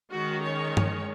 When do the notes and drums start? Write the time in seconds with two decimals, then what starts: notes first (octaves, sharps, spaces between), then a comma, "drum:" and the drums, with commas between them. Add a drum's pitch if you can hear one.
0.10 D#3 G#3 C#4 F#4
0.43 C#5
0.77 drum: tom G2